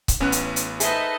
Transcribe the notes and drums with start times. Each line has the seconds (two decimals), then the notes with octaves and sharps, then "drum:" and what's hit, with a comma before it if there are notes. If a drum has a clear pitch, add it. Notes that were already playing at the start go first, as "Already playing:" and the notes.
0.08 drum: kick C#1, hi-hat
0.20 A1 B3 C#4 F#6
0.32 drum: hi-hat
0.56 drum: hi-hat
0.80 D#4 G#4 A4 B4 C5 D#5 E5, drum: hi-hat